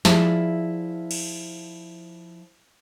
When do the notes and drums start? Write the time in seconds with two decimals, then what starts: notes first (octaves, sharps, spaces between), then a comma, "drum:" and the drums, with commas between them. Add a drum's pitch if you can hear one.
0.05 F3 E4 G#4 D5 A5, drum: snare
1.11 drum: cymbal